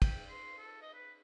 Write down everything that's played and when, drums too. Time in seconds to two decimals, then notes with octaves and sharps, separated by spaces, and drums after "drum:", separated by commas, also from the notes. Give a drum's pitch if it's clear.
0.02 G5, drum: kick, cymbal
0.29 C6
0.58 A4
0.82 D#5
0.94 B4